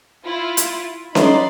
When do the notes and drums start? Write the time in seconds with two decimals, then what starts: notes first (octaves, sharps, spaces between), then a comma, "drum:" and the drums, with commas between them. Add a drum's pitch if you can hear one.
0.24 E4 F4
0.57 drum: hi-hat
1.15 F#3 D#4 D5 E5 F#5 B5 C6, drum: snare C#4